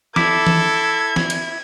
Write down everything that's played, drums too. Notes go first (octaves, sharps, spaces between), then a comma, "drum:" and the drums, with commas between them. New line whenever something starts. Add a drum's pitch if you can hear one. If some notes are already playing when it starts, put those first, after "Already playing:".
E4 A4 D6 G#6, drum: snare
drum: tom
drum: snare
drum: cymbal